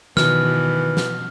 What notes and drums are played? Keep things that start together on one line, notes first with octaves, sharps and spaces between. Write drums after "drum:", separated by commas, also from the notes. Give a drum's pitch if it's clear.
B2 D#3 E3 F6, drum: snare
drum: snare